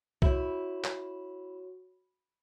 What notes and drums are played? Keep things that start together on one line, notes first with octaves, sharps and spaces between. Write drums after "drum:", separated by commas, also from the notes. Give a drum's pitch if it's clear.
E4 F#4 C#5, drum: kick
drum: clap